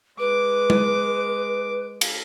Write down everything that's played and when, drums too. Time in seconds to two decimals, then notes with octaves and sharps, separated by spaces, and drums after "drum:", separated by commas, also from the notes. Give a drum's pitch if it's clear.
0.19 G#3 B4 D6
0.70 drum: tom G#3
2.01 drum: cymbal